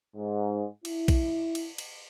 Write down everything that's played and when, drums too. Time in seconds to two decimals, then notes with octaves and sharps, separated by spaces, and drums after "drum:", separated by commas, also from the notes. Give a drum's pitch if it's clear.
0.16 G#2
0.85 E4, drum: cymbal
1.08 drum: kick, cymbal
1.55 drum: cymbal
1.78 drum: cymbal